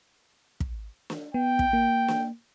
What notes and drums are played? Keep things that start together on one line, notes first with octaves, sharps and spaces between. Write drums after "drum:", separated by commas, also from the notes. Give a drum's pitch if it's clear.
drum: kick
drum: snare
B3 G5
drum: kick
A#3
drum: snare